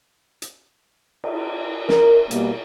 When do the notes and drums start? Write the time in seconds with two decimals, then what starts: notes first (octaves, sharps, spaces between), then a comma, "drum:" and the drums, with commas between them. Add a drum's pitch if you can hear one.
0.42 drum: hi-hat
1.24 drum: cymbal
1.89 A#4, drum: snare
2.31 B2 G3 A#3, drum: hi-hat